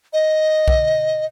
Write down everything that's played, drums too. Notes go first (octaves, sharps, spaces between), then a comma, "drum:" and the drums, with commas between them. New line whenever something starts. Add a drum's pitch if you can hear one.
D#5
drum: kick B1